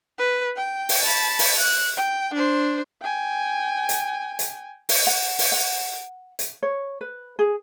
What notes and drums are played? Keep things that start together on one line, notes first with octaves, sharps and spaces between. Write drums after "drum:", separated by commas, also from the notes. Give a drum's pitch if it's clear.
B4
G5
drum: open hi-hat
A5 B5
drum: open hi-hat
F#6
G5
D4 C5
G5 G#5
drum: hi-hat
drum: hi-hat
drum: open hi-hat
F#5
drum: open hi-hat
F#5
drum: hi-hat
C#5
B4
G#4